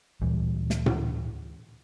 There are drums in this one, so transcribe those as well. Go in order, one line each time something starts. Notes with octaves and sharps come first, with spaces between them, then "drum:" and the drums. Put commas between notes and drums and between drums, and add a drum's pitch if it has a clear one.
D2 A#2 E3 G3
drum: snare
drum: tom A2